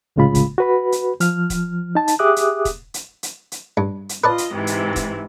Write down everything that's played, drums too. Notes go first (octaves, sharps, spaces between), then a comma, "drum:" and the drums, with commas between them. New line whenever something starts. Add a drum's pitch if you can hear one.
C2 A2 C#3 G#3 F4 B5
drum: kick, hi-hat
F#4 B4 B5
drum: hi-hat
F3 F6, drum: hi-hat
drum: kick, hi-hat
D#4 A5
drum: hi-hat
G4 G#4 E5 D6 D#6 F#6
drum: hi-hat
drum: kick, hi-hat
drum: hi-hat
drum: hi-hat
drum: hi-hat
G2
drum: hi-hat
F4 B4 D5 D#5 A5
drum: hi-hat
G#2 C3 E3
drum: hi-hat
drum: kick, hi-hat